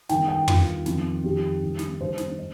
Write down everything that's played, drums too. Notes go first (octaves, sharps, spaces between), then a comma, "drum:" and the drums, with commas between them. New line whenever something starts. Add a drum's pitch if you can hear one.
G2 D#3 G5, drum: snare
G5
G2 D#3 F4, drum: tom
F2 D#3, drum: snare
F2 D#3 G4
G2 D#3
drum: snare
G2 D#3 C5
drum: snare
D#5